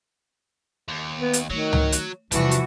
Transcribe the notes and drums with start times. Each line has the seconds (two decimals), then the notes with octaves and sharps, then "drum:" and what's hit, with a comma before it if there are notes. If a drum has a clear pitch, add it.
0.88 D#2
1.18 B3
1.33 drum: hi-hat
1.50 D#3 F#3 A3
1.73 drum: tom C#2
1.92 drum: hi-hat
2.32 E2 C3 E3 F3 G3 F#4 D5 A5, drum: hi-hat
2.51 drum: hi-hat